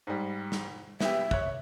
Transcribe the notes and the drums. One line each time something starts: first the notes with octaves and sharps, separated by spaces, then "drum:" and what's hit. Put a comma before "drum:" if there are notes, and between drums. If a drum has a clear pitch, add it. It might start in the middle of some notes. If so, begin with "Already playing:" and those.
G#2 G3
drum: snare
B3 G4 E5, drum: snare
C#5 F#6, drum: kick